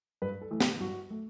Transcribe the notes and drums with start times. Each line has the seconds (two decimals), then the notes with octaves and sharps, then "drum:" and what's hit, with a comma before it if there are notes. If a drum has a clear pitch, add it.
0.22 G2 B4
0.41 A4
0.51 E3 A3
0.60 G4, drum: snare
0.80 G2 F#4
1.10 A3